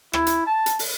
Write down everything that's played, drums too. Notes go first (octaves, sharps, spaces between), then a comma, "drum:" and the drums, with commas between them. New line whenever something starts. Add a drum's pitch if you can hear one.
E4, drum: rim click
drum: hi-hat
A5
drum: hi-hat
drum: open hi-hat